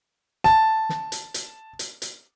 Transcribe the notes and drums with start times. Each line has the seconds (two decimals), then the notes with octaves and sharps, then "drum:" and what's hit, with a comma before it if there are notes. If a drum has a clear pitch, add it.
0.44 A5, drum: snare
0.89 drum: snare
1.12 drum: hi-hat
1.34 drum: hi-hat
1.79 drum: hi-hat
2.02 drum: hi-hat